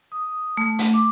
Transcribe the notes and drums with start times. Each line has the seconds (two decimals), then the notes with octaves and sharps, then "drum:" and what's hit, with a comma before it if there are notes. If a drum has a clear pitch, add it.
0.12 D#6
0.57 A3
0.79 drum: hi-hat
0.94 D6